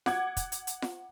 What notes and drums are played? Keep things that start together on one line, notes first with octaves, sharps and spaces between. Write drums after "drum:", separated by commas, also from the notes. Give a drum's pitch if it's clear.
F#5 D6 G#6, drum: snare F4
drum: kick, hi-hat
drum: hi-hat
drum: hi-hat
drum: snare F4